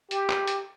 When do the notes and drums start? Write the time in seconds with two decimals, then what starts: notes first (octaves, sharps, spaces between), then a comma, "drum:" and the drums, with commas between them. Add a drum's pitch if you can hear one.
0.11 G4, drum: hi-hat
0.30 drum: clap
0.47 drum: hi-hat